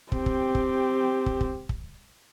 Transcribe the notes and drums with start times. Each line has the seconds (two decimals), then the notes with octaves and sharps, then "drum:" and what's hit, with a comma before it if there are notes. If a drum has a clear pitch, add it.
0.12 C4 G4, drum: kick
0.26 drum: kick
0.55 drum: kick
1.26 drum: kick
1.41 drum: kick
1.69 drum: kick